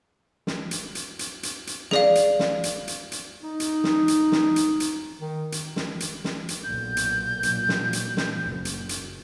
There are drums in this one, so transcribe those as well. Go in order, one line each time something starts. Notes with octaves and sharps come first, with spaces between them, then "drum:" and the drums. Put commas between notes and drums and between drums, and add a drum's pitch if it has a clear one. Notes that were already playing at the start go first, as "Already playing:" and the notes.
drum: snare
drum: hi-hat
drum: hi-hat
drum: hi-hat
drum: hi-hat
drum: hi-hat
G#4 D5 F5, drum: snare
drum: hi-hat
drum: snare
drum: hi-hat
drum: hi-hat
drum: hi-hat
D#4
drum: hi-hat
drum: snare
drum: hi-hat
drum: snare
drum: hi-hat
drum: hi-hat
D#3
drum: hi-hat
drum: snare
drum: hi-hat
drum: snare
drum: hi-hat
B1 A#2 G6
drum: hi-hat
A#2 F#3, drum: hi-hat
drum: snare
drum: hi-hat
drum: snare
F#1
drum: hi-hat
drum: hi-hat